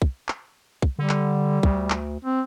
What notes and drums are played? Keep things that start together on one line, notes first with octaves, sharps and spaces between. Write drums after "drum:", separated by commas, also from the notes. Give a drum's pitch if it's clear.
drum: kick
drum: clap
drum: kick
D3 G3
drum: clap
D2, drum: kick
drum: clap
C4